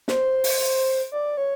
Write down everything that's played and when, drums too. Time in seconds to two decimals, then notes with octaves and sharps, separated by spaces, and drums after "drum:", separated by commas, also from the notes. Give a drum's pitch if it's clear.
0.08 C5, drum: snare
0.44 drum: open hi-hat
1.12 D5
1.37 C#5